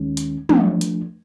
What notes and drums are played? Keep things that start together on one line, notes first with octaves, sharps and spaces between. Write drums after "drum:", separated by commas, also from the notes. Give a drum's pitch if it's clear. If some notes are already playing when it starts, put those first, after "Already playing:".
Already playing: D#2 D#3 G#3 C#4
drum: hi-hat
F3 A3 D4, drum: tom
drum: hi-hat